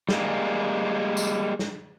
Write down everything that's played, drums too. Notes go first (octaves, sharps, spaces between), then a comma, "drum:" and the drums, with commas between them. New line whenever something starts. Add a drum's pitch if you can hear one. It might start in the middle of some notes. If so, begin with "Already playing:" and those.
G3 G#3 A#3, drum: snare
drum: tambourine
drum: snare